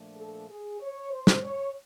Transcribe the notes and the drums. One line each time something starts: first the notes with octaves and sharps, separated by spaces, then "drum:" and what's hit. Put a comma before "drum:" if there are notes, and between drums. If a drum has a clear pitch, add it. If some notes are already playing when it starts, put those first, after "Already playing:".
Already playing: A#2 F3 A3 D4
A4
G#4
C#5
C5
drum: snare
C#5